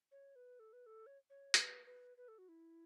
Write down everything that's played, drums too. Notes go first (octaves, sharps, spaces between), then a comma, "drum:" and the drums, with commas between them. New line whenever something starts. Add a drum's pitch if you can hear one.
C#5
B4
A4
B4
A4
C#5
C#5
B4, drum: hi-hat
B4
B4
A4
F#4
E4